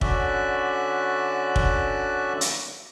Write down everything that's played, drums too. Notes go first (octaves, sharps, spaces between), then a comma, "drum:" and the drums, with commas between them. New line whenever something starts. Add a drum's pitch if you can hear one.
D3 C#4 F#4 D5 E5 F#6, drum: kick
drum: kick
drum: hi-hat